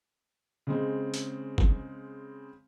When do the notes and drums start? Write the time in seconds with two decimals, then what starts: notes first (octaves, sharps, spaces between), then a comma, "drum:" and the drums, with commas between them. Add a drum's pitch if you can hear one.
0.67 C#3 G#3 C4
1.14 drum: hi-hat
1.58 drum: kick